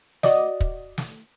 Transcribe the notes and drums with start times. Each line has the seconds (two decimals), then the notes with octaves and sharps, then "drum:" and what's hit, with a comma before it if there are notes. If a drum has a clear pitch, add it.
0.23 F#4 D5 D#5, drum: snare
0.60 drum: kick
0.98 drum: snare